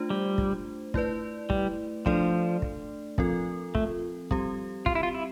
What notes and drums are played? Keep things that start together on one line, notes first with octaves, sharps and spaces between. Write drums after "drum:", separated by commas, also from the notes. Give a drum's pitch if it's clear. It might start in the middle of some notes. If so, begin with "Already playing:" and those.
Already playing: A3 D4 F4 C5
G3
drum: kick
A3 E4 B4 D5, drum: kick
G3, drum: kick
F3 A3 D4 A4 D5, drum: kick
drum: kick
F3 C4 F4 A4, drum: kick
A3, drum: kick
G3 C4 G4, drum: kick
F4, drum: kick
E4
F4
E4